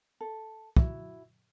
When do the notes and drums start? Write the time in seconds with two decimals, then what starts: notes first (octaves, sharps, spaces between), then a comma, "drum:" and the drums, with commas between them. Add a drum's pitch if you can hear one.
0.21 A4
0.77 E4 F#4, drum: kick